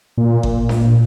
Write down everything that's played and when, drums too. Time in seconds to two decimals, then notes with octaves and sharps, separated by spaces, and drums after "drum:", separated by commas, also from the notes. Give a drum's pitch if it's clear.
0.17 A#2
0.43 drum: kick G1
0.69 drum: snare D4